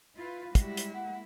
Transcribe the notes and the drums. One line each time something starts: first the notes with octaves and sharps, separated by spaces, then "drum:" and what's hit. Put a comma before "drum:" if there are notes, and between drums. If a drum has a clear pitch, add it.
E4 F4 B4
G3 G#3 E4 F#4 G4, drum: kick, hi-hat
drum: hi-hat
A#3 F#5